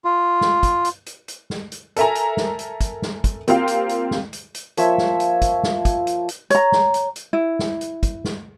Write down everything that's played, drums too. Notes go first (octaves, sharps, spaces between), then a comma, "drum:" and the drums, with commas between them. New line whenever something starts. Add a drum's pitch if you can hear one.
F4
drum: snare
drum: kick, hi-hat
drum: hi-hat
drum: hi-hat
drum: hi-hat
drum: snare
drum: hi-hat
A4 A#4 E5 G#5 A#5, drum: hi-hat
drum: hi-hat
drum: snare
drum: hi-hat
drum: kick, hi-hat
drum: snare
drum: kick, hi-hat
A#3 C4 F4 G4 F5 G5, drum: hi-hat
drum: hi-hat
drum: hi-hat
drum: snare
drum: hi-hat
drum: hi-hat
F3 A#3 C#5 E5, drum: hi-hat
drum: snare
drum: hi-hat
drum: kick, hi-hat
drum: snare
drum: kick, hi-hat
drum: hi-hat
drum: hi-hat
C#5 A#5, drum: hi-hat
drum: snare
drum: hi-hat
drum: hi-hat
E4
drum: snare
drum: hi-hat
drum: kick, hi-hat
drum: snare